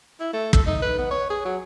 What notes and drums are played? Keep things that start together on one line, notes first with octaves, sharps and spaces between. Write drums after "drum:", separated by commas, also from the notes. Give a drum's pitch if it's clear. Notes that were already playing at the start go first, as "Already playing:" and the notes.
E4
A3
A4, drum: kick
D#4
B4
B3
C#5
G#4
F#3